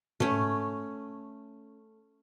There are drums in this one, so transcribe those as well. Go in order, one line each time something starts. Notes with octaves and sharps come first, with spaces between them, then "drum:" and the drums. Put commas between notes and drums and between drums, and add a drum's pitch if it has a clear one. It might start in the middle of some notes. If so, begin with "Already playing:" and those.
A3 C#4, drum: tom